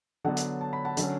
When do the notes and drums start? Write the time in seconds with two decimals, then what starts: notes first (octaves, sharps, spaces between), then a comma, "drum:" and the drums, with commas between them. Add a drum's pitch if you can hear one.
0.24 D3 F#3 B3 D4 F#5 A5
0.37 drum: hi-hat
0.61 A5
0.73 B5
0.85 F#5 A5
0.97 D3 F#3 C#4, drum: hi-hat